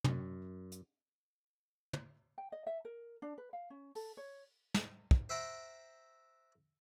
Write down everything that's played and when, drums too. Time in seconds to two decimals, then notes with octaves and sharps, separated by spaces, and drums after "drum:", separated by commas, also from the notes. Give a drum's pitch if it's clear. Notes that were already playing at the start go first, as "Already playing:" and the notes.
0.04 F#2, drum: tom
0.72 drum: hi-hat
1.93 drum: tom
2.38 G5
2.52 D#5
2.67 E5
2.85 A#4
3.22 D4
3.38 B4
3.53 F5
3.70 C#4
3.95 A4, drum: open hi-hat
4.17 C#5
4.74 drum: snare
5.11 drum: kick
5.29 C5 E5 F#5 G5 A#5